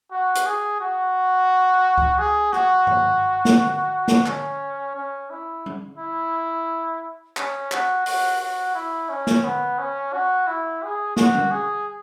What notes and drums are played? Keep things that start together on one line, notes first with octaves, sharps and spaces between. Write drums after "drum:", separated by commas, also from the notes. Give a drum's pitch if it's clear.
F#4
drum: hi-hat
G#4
F#4
drum: kick C#2
G#4
F#4, drum: rim click
drum: tom G2
drum: snare
drum: snare
C#4, drum: clap
C#4
E4
drum: tom G3
E4
C#4, drum: clap
F#4, drum: clap
F#4, drum: open hi-hat
F#4
E4
C#4
drum: snare
B3
C#4
F#4
E4
G#4
F#4, drum: snare
drum: tom G3
G#4